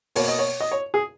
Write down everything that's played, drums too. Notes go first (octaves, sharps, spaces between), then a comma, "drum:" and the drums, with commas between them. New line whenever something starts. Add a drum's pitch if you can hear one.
B2 A#3 C#5, drum: open hi-hat
D#5
C#5
D#5
C#5
G#4